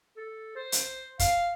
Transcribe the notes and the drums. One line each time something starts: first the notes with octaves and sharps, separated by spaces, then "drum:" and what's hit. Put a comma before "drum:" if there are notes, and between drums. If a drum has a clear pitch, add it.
A4
C5
drum: hi-hat
F5, drum: kick, hi-hat